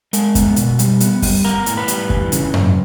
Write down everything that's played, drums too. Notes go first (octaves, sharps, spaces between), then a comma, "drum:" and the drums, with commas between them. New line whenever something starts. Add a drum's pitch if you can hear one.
G#3 A#4, drum: hi-hat
B3, drum: kick F#2, hi-hat
B2, drum: hi-hat
G3, drum: hi-hat
B3, drum: hi-hat
G3, drum: kick F#2, open hi-hat
B3 A#4
A2, drum: hi-hat
B4
G3, drum: hi-hat
E3, drum: kick F#2
C#3, drum: hi-hat
F#2, drum: tom F#2